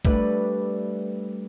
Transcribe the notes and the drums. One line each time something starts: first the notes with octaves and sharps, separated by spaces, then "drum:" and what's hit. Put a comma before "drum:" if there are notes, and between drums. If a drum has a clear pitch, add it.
G3 A3 D4 B4, drum: kick